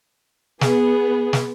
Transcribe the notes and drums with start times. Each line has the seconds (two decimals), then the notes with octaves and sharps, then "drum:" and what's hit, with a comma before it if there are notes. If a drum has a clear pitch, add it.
0.61 B3 G#4, drum: snare
1.33 drum: snare